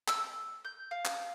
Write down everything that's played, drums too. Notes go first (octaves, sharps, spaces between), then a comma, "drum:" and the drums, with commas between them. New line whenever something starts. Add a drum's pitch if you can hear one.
E6, drum: clap
G6
F5
drum: clap